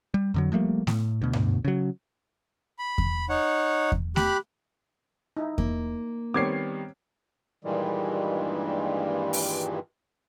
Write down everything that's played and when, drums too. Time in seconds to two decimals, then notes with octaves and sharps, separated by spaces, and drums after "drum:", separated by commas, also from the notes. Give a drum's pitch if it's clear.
0.14 G3
0.34 F2 D3 F#3
0.52 F3 G3 A3 A#3
0.87 A2, drum: snare A3
1.22 D2 B2
1.33 drum: tom G2
1.65 C#3 F#3
2.79 B5
2.98 drum: kick E2
3.29 D#4 C#5 F#5
3.92 drum: kick E2
4.16 G4 B5 F#6, drum: snare A3
5.37 D#4 E4
5.58 A#3, drum: kick E2
6.34 D#3 G3 B3 C4 C#5 D6 G#6 C7
7.65 G2 A#2 D#3 E3 G3 G#3
9.33 drum: open hi-hat